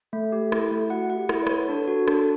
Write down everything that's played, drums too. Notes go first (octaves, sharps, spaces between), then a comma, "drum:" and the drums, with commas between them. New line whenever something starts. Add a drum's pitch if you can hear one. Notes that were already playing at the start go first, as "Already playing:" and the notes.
A3 A4
G4
E4, drum: rim click
A3
F#4 F#5
F#5
G4
E4, drum: rim click
D5
B4 C#5, drum: rim click
D4 A4
F#4
D4, drum: rim click